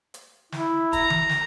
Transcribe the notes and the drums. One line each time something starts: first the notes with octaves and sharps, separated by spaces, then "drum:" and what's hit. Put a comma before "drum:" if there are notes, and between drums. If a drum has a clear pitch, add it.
drum: hi-hat
E4, drum: snare
A#5, drum: kick, hi-hat
drum: tom D#3
drum: snare